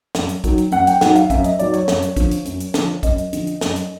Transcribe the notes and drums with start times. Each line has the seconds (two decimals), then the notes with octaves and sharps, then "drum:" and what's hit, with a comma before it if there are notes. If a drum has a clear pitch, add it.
0.15 F#2, drum: snare
0.29 drum: hi-hat
0.44 D#3 F#3, drum: kick, hi-hat
0.58 drum: hi-hat
0.72 F#2 F#5, drum: hi-hat
0.87 G5, drum: hi-hat
1.01 D#3 F#3 F#5, drum: snare
1.15 F5, drum: hi-hat
1.30 F#2 E5, drum: kick, hi-hat
1.44 D#5, drum: hi-hat
1.59 D#3 F#3 D5, drum: hi-hat
1.73 C#5, drum: hi-hat
1.88 F#2, drum: snare
2.02 drum: hi-hat
2.16 D3 F3, drum: kick, hi-hat
2.31 drum: hi-hat
2.45 F#2, drum: hi-hat
2.60 drum: hi-hat
2.74 D3 F3, drum: snare
3.03 F#2 D#5, drum: kick, hi-hat
3.18 drum: hi-hat
3.33 D3 F3, drum: hi-hat
3.47 drum: hi-hat
3.61 F#2, drum: snare
3.76 drum: hi-hat